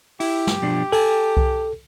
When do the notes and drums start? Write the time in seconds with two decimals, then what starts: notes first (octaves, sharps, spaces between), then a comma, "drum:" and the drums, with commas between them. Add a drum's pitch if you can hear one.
0.20 E4 G4, drum: open hi-hat
0.47 drum: snare
0.62 B2 F3 D4
0.92 A4 G#5 A5, drum: open hi-hat
1.37 drum: kick C2